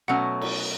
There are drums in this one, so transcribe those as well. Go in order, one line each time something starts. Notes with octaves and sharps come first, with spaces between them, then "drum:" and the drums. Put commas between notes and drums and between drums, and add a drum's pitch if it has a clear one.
B2 F#3 A3 C#4 F#5
drum: cymbal